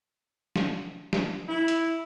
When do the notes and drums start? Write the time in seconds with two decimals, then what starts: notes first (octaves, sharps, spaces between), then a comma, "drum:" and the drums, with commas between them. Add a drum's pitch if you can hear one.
0.56 drum: snare
1.13 drum: snare
1.48 E4
1.68 drum: hi-hat